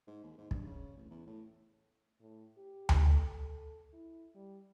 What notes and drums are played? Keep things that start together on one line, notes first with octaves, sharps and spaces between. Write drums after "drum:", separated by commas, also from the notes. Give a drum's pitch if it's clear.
G#2
D#2
G#2
G2, drum: kick
C#3
A1
E2
A2
A2
G4
drum: tom D2
A4
E4
G3